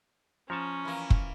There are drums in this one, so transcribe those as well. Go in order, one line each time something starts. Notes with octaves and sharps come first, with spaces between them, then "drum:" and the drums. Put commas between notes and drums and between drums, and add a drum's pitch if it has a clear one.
F3 C#4 A5 A#5 C#6
E3 A#3
drum: kick